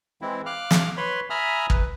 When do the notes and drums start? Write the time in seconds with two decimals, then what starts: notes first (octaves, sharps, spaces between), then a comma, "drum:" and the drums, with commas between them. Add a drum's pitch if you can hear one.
0.22 E3 G#3 C4 E4
0.46 F5 D6 F6 F#6
0.71 drum: snare
0.97 B4 C#5 B5 C6
1.30 E5 G#5 A#5 B5 D#6 F6
1.70 B4, drum: kick